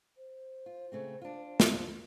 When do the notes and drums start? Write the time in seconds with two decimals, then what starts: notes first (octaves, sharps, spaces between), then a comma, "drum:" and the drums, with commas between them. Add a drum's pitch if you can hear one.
0.17 C5
0.66 F4
0.92 C#3 A3 C4
1.22 D4 F4
1.60 drum: snare